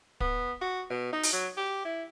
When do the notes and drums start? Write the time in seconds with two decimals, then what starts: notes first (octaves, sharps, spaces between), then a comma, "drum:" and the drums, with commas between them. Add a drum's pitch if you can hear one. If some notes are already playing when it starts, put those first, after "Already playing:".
0.20 B3, drum: kick
0.61 F#4
0.90 B2
1.12 D#4
1.23 drum: open hi-hat
1.32 F#3
1.57 G4
1.84 E4